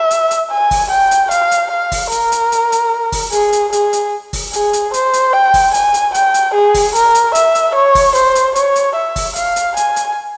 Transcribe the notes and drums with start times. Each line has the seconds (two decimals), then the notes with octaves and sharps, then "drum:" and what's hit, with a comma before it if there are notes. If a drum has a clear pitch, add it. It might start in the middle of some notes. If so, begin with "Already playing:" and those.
Already playing: E5
0.11 drum: hi-hat
0.31 drum: hi-hat
0.50 G#5
0.71 drum: kick, open hi-hat
0.90 G5
1.11 drum: hi-hat
1.31 F5, drum: hi-hat
1.51 drum: hi-hat
1.71 F5
1.92 drum: kick, open hi-hat
2.11 A#4, drum: hi-hat
2.32 drum: hi-hat
2.52 drum: hi-hat
2.72 drum: hi-hat
3.12 drum: kick, open hi-hat
3.32 G#4, drum: hi-hat
3.53 drum: hi-hat
3.73 G#4, drum: hi-hat
3.93 drum: hi-hat
4.33 drum: kick, open hi-hat
4.53 G#4, drum: hi-hat
4.73 drum: hi-hat
4.94 C5, drum: hi-hat
5.13 drum: hi-hat
5.33 G5
5.54 drum: kick, open hi-hat
5.74 G#5, drum: hi-hat
5.94 drum: hi-hat
6.14 G5, drum: hi-hat
6.34 drum: hi-hat
6.54 G#4
6.74 drum: kick, open hi-hat
6.95 A#4, drum: hi-hat
7.15 drum: hi-hat
7.35 E5, drum: hi-hat
7.55 drum: hi-hat
7.75 C#5
7.95 drum: kick, open hi-hat
8.15 C5, drum: hi-hat
8.35 drum: hi-hat
8.56 C#5, drum: hi-hat
8.76 drum: hi-hat
8.95 E5
9.16 drum: kick, open hi-hat
9.36 F5, drum: hi-hat
9.56 drum: hi-hat
9.77 G#5, drum: hi-hat
9.96 drum: hi-hat